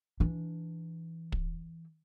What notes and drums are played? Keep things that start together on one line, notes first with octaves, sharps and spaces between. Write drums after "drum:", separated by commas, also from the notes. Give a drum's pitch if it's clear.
E3 D4
drum: kick